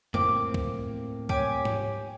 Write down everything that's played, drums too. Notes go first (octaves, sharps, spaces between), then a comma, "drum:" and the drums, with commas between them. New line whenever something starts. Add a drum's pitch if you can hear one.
A2 A#3 C4 D6, drum: tom
drum: kick
G4 C#5 G#5 D6, drum: kick
drum: tom G#2